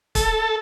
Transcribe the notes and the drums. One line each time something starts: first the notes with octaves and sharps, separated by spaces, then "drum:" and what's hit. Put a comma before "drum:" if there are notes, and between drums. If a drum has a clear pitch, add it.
A4, drum: kick, hi-hat